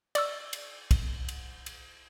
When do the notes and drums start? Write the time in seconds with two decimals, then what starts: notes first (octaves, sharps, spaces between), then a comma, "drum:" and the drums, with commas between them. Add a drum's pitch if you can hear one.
0.15 D5 C#6 E6, drum: cymbal
0.53 drum: cymbal
0.91 drum: kick, cymbal
1.29 drum: cymbal
1.66 drum: cymbal